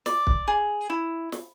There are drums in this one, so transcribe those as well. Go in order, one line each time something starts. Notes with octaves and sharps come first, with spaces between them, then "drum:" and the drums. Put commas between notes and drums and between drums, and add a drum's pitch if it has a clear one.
D5, drum: snare
drum: kick
G#4
E4
drum: snare